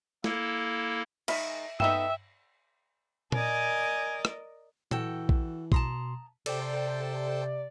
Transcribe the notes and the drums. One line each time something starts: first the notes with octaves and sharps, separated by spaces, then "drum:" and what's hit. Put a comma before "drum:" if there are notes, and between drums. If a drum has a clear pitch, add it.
A#3 E4 A4, drum: snare
D#3 G#3 E5 B5, drum: cymbal
A3 B3 D#4 E5 G5 E6 E7, drum: tom G2
A#4 D5 D#5 G#5, drum: tom A#2
drum: rim click
E3 F#4 A4 G5, drum: tom A#2
drum: kick A#1
B2 A5 A#5 C6 D#6, drum: kick A#1
C3 A4 C5 D5 G5, drum: cymbal